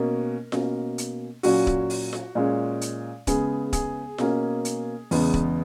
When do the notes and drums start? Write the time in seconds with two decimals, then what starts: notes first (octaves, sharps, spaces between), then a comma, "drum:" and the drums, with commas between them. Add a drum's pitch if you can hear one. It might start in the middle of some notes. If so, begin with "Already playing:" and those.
Already playing: B2 A#3 C#4 A#4
0.52 B2 A#3 C#4, drum: snare F4
0.98 drum: hi-hat
1.43 A#2 F#3 C#4 F#4, drum: open hi-hat
1.67 drum: kick D1
1.90 drum: open hi-hat
2.13 drum: snare F4
2.35 A#2 G#3 C#4
2.81 drum: hi-hat
3.27 C#3 G#3 B3 G#4, drum: kick D1, hi-hat
3.73 G#4, drum: kick D1, hi-hat
4.18 B2 A#3 C#4, drum: snare F4
4.65 drum: hi-hat
5.11 E2 C#3 G#3 B3, drum: open hi-hat
5.34 drum: kick D1